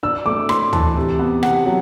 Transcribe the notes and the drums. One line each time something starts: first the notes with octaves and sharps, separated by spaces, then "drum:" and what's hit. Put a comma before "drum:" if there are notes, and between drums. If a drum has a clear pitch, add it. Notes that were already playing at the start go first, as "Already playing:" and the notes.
D4 E6
A3 D6
A2 C6, drum: rim click
E3 A5, drum: tom
C3
B3
C3 F#5, drum: rim click
F#3